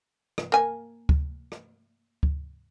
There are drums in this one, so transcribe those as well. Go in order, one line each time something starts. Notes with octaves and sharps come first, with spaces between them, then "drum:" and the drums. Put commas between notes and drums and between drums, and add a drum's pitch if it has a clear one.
drum: rim click
A#3 G#5
drum: kick D2
drum: rim click
drum: kick D2